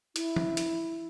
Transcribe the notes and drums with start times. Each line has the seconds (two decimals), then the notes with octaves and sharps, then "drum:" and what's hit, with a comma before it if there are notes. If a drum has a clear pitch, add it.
0.16 E4, drum: hi-hat
0.36 drum: tom E3
0.57 drum: hi-hat